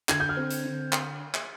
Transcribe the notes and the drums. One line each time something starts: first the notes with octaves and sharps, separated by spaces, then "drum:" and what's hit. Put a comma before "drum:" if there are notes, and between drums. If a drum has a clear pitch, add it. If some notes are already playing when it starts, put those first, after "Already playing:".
D3 G#6, drum: clap
G6
F6
C4
drum: hi-hat
D3
drum: clap
drum: clap